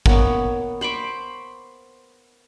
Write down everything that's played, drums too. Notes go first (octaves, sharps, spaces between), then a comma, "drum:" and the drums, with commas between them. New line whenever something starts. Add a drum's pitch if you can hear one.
A#3 B3 C#5, drum: kick A1
C5 B5 C#6 D6